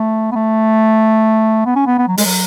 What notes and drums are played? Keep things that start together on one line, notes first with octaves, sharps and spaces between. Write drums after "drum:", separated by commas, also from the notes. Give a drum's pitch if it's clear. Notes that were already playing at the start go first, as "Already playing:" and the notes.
Already playing: A3
B3
A3
B3
C#4
B3
B3
F#3
G#3, drum: open hi-hat
F#3